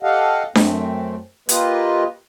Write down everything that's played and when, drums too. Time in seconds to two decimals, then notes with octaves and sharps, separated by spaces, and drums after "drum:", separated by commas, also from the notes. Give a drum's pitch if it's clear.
0.03 G4 A4 D#5 F5 F#5
0.55 F#2 A3 C4, drum: snare D4
1.49 A#3 F4 G4 B4 D#5, drum: hi-hat